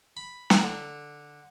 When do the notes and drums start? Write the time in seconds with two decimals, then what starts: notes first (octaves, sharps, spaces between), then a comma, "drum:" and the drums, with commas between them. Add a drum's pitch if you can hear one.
0.17 B5
0.50 drum: snare
0.62 D3